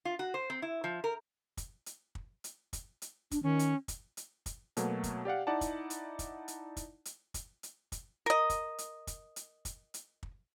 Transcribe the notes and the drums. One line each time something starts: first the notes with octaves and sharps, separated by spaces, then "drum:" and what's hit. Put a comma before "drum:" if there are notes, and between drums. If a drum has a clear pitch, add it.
F4
F#4
C5
C4
E4
F3
A#4
drum: kick, hi-hat
drum: hi-hat
drum: kick
drum: hi-hat
drum: kick, hi-hat
drum: hi-hat
D4, drum: kick, hi-hat
D#3 C#4
drum: hi-hat
drum: kick, hi-hat
drum: hi-hat
drum: kick, hi-hat
B2 F#3 A3 A#3, drum: hi-hat
drum: kick, hi-hat
G4 D5 F5 F#5
D#4 E4 D5 F#5 A5
drum: kick, hi-hat
drum: hi-hat
drum: kick, hi-hat
drum: hi-hat
drum: kick, hi-hat
drum: hi-hat
drum: kick, hi-hat
drum: hi-hat
drum: kick, hi-hat
A#4 D#5
drum: kick, hi-hat
drum: hi-hat
drum: kick, hi-hat
drum: hi-hat
drum: kick, hi-hat
drum: hi-hat
drum: kick